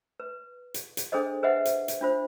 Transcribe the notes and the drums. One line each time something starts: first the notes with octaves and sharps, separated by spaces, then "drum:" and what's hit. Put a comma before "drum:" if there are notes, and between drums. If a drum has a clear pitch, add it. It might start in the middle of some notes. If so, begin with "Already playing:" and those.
B4
drum: hi-hat
drum: hi-hat
D4 G#4 A4 C5 D#5
G#4 B4 C5 D#5 E5 F#5
drum: hi-hat
drum: hi-hat
D4 F4 C5